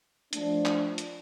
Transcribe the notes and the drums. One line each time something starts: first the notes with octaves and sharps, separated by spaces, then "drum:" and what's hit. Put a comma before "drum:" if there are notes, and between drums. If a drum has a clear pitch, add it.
F3 A3 D4, drum: hi-hat
drum: clap
drum: hi-hat